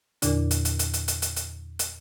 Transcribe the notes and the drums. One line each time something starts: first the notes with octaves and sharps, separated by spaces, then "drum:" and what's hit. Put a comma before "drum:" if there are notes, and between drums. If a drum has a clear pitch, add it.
E2 A#2 D3 D4, drum: hi-hat
drum: hi-hat
drum: hi-hat
drum: hi-hat
drum: hi-hat
drum: hi-hat
drum: hi-hat
drum: hi-hat
drum: hi-hat